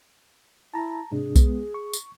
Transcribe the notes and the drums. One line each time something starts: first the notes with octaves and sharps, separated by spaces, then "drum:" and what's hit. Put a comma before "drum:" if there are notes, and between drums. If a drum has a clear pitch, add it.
E4 A5 A#5
G#2 C3 D4 G#4
G#3 B3, drum: kick B1, tambourine
C#6
drum: tambourine